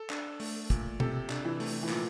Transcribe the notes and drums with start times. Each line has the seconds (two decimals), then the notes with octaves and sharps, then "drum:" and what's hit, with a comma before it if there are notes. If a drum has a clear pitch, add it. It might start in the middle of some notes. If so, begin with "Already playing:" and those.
Already playing: A4
0.10 D4, drum: clap
0.40 A3, drum: open hi-hat
0.70 A#2, drum: kick, hi-hat
1.00 C3 A4, drum: tom
1.30 D4, drum: clap
1.45 E3
1.60 A3, drum: open hi-hat
1.83 E3
1.89 A#2 F3, drum: clap